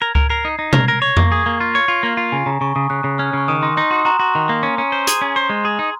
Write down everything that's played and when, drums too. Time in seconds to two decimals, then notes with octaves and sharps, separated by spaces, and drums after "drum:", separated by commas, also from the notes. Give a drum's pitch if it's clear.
0.01 A#4 G#6
0.15 A#4, drum: kick C#2
0.30 A#4 C7
0.45 D#4
0.59 D#4
0.73 A#4 G#6, drum: tom B2
0.88 A#4 A#6
1.02 C#5
1.17 A#3 C#6, drum: tom F2
1.32 G#4
1.46 A#3
1.60 F4
1.75 C#5
1.88 F4
2.03 A#3
2.17 F4
2.32 C#3 G#5
2.46 C#3 A#5
2.61 C#3 C#6
2.76 C#3 D#6
2.90 C#3 F#6
3.04 C#3
3.19 C#4 F6
3.33 C#3 C#6
3.48 D#3 D#6
3.62 D#4 C6
3.77 D#4 C6
3.91 F#4 C6
4.05 F#4 A#5
4.20 F#4
4.35 D#3
4.49 A#3
4.63 C#4
4.78 C#4
4.92 C5
5.07 G#4, drum: hi-hat
5.21 C#4 A#5
5.36 C5
5.50 G#3
5.65 G#4
5.79 D#4